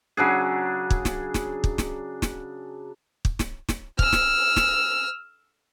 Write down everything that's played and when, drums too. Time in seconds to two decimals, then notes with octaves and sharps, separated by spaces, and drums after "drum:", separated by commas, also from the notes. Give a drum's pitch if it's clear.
0.17 C#3 F#3 D4 G#4
0.90 drum: kick
1.05 drum: snare
1.34 drum: snare
1.64 drum: kick
1.78 drum: snare
2.22 drum: snare
3.25 drum: kick
3.39 drum: snare
3.69 drum: snare
3.99 E6 F6, drum: kick
4.13 drum: snare
4.56 drum: snare